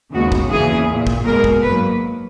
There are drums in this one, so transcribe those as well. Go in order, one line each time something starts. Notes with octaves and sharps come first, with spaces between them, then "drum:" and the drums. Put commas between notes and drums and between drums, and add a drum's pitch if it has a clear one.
D#2 C#3 G#3 B3 F#4
drum: kick
E2 C#3 E3 A#3 G#4
A#2 A#3
drum: kick
B2 G#3 B3 A#4
drum: kick
G#2 F#3 A#3 B4